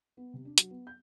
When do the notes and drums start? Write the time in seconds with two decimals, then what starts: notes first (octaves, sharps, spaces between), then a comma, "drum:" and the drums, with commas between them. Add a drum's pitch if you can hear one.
0.17 B3
0.34 C3
0.45 D4
0.58 F#3, drum: hi-hat
0.71 B3
0.87 G6